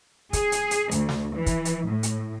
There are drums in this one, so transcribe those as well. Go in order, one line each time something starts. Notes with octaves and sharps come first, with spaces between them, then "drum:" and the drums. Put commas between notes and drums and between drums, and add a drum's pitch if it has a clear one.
G#4, drum: kick, hi-hat
drum: hi-hat
drum: hi-hat
D2, drum: hi-hat
drum: snare
E3
drum: kick, hi-hat
drum: hi-hat
A2
drum: hi-hat